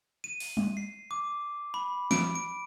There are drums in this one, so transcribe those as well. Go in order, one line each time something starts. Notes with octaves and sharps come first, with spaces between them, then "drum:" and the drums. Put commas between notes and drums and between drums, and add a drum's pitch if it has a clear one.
D#7
drum: open hi-hat
drum: tom G3
C7
D6
B5
D7, drum: snare
D7